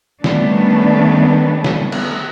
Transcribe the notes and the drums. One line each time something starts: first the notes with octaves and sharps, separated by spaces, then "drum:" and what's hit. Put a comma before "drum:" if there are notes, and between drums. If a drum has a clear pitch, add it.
D#3 G3 A3 B3 C#4 D4, drum: snare
drum: snare
drum: cymbal